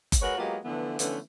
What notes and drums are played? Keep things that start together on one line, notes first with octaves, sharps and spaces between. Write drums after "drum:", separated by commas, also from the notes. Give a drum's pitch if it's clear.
drum: kick F#1, hi-hat
G#3 F#4 G#4 A#4 B4 C#5
F#3 G#3 A#3 B3 F4 G4
D3 E3 F3 A3 B3
D3 E3 F3 A3 B3 C#4, drum: hi-hat